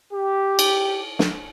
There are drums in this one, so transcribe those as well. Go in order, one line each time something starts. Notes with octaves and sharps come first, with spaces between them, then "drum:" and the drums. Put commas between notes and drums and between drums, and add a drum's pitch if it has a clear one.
G4
drum: cymbal
drum: snare